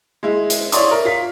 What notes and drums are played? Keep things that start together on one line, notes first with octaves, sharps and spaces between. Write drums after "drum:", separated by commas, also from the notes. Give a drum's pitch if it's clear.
G#3 E4
drum: hi-hat
E4 C#5 D5 C6 D#6, drum: hi-hat
A#4
F4 B6